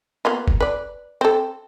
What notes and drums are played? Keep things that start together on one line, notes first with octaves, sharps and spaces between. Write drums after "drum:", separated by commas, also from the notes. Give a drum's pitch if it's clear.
A#3 B3 F4
drum: kick F#1
B4 D5
C4 A4